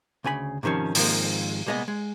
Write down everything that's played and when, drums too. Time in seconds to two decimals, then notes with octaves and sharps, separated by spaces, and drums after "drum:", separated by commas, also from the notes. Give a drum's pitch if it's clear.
0.24 D2 C#3 G#5 B5
0.63 G#2 C3 D#3 F3 C#4
0.95 G#2 D#3 F3 G#3 A#3 C4, drum: open hi-hat
1.66 C2 A#2 G#3 B3 D#5
1.88 G#3